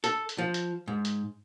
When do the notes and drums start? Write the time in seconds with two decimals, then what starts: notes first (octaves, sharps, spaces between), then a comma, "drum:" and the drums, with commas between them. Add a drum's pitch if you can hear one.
0.04 A4, drum: hi-hat
0.29 drum: hi-hat
0.38 F3
0.54 drum: hi-hat
0.88 G#2
1.05 drum: hi-hat